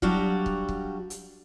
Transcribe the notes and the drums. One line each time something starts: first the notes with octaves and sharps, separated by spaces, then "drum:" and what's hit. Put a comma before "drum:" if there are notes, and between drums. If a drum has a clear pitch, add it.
F#3 G3 D4 F#4 G4 F5, drum: kick
drum: kick
drum: kick
drum: hi-hat